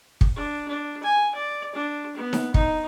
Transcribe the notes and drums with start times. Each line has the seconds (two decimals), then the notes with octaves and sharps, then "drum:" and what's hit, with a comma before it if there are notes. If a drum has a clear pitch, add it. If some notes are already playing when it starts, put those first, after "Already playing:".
0.21 drum: kick
0.36 D4
0.67 D4
1.02 G#5
1.35 D5
1.75 D4
2.16 B3
2.33 drum: snare D#4
2.54 D#4, drum: kick